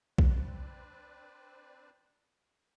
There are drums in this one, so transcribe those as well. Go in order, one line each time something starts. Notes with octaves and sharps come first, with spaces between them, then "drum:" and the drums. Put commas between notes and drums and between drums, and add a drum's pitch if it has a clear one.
C4 D4 B4 C5 D5, drum: kick B1